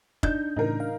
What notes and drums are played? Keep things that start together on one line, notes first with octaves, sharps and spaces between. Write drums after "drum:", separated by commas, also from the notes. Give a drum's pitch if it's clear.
D4 D#4 G6, drum: kick
A2 C#3 E3 D#4 A#4
F5